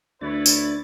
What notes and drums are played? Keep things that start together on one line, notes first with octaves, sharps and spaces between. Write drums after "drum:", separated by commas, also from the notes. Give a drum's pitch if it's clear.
D2 D4 E4 B4 C#5 A6
drum: tambourine